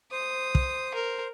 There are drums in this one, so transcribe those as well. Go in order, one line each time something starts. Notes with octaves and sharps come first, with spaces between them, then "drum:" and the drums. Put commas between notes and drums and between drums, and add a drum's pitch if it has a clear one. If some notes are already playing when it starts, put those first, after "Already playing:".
C5 D#6
drum: kick
A#4